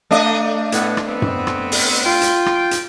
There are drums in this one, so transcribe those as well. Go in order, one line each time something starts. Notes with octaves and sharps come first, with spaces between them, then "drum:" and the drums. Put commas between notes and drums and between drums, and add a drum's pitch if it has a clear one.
A3 D4 D#5
A2 B3, drum: hi-hat
drum: rim click
B3 C4
drum: tom F#2
drum: rim click
drum: open hi-hat
F4 G5
drum: hi-hat
drum: rim click
drum: hi-hat